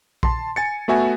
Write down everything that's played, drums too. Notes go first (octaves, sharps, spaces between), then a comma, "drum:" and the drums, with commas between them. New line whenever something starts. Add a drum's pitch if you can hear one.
A5 C6, drum: kick A#1
G#5 A6 C#7
A3 B3 F#4 E5 G#5